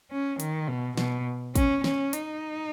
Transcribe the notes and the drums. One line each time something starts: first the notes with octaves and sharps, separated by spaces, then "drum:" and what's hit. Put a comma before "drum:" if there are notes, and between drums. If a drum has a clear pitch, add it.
C#4
D#3, drum: hi-hat
B2
B2, drum: snare
C#4, drum: kick, hi-hat
C#4, drum: snare
D#4, drum: hi-hat